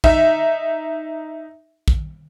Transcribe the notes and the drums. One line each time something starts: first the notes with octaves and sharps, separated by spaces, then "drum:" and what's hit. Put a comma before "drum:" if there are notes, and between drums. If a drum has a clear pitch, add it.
D#4 E5, drum: kick A#1
drum: kick A#1